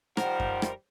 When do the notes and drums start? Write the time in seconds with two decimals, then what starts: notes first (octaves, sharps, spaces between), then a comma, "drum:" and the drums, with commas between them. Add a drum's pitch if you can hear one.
0.17 D#3 F3 G3 A#4 C5 F#5, drum: rim click
0.40 drum: kick F#2
0.62 drum: rim click